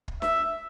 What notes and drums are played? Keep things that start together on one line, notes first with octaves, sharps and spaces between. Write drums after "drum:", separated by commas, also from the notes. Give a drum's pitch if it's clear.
drum: kick
E5, drum: snare